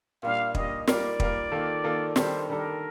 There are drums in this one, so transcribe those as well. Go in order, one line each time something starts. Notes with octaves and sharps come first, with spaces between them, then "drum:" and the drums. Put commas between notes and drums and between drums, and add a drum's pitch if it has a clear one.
A#2 G3 D4 F5
A#2 G3 D4 D#5, drum: kick
G3 A#3 F4 A#4 D5, drum: snare
G3 A#3 F4 A#4, drum: kick
D#3 A#3 F4 A4
D#3 A#3 F4 A4
D#3 G3 D4 A4 C5, drum: snare
D#3 G3 D4 A4 A#4